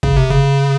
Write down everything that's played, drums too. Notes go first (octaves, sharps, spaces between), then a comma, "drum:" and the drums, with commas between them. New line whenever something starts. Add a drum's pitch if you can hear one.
C#3, drum: kick
C3
C#3